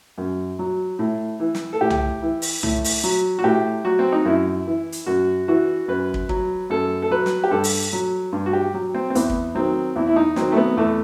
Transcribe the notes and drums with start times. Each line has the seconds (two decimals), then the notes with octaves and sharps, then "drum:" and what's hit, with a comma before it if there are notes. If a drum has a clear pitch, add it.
0.18 F#2
0.59 F#3
0.99 A2
1.40 E3
1.55 drum: snare
1.73 A4
1.81 A2 G4
1.90 drum: tom C2
2.22 E3
2.42 drum: open hi-hat
2.63 A2, drum: tom C2
2.84 drum: open hi-hat
3.04 F#3
3.39 F#4
3.44 A2 G4
3.85 F#3 F#4
3.99 C4
4.12 D#4
4.25 F#2 E4
4.67 E3
4.92 drum: hi-hat
5.06 F#2 F#4
5.48 E3 F#4
5.88 F#2 B4
6.14 drum: kick
6.29 F#3, drum: kick
6.70 F#2 A4
7.02 A4
7.11 F#3 B4
7.26 drum: snare
7.44 G4
7.51 G2 A4
7.64 drum: open hi-hat
7.93 F#3
8.33 G2
8.46 F#4
8.53 G4
8.74 F#3
8.95 C4
9.10 C4
9.15 E2 B3, drum: hi-hat
9.29 drum: kick
9.55 D#3 F#3 C4
9.96 E2 E4
10.07 E4
10.16 D#4
10.36 D#3 F#3 C4, drum: snare
10.52 A3
10.57 B3
10.77 E2 A3